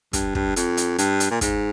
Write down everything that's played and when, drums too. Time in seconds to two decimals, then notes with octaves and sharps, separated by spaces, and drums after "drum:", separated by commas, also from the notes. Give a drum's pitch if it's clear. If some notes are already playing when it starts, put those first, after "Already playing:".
0.13 G2, drum: kick, hi-hat
0.35 G2, drum: kick
0.56 F2, drum: hi-hat
0.77 drum: hi-hat
0.98 G2, drum: hi-hat
1.20 drum: hi-hat
1.31 A#2
1.41 G#2, drum: kick, hi-hat